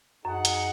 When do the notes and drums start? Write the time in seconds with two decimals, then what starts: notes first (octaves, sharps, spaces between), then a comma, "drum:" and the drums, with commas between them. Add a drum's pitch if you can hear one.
0.25 F#2 D#4 G#4 D#5 F#5
0.45 drum: hi-hat